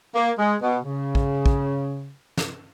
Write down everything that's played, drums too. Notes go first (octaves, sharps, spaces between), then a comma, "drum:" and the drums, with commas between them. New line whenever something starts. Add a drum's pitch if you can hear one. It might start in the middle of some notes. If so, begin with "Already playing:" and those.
A#3
G#3
B2
C#3
drum: kick
drum: kick
drum: snare